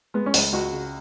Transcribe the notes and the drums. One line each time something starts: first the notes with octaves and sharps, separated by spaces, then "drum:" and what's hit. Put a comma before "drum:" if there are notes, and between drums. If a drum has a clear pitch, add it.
G#3 B3
C#4
C#2, drum: open hi-hat
C#2 F#4
C#3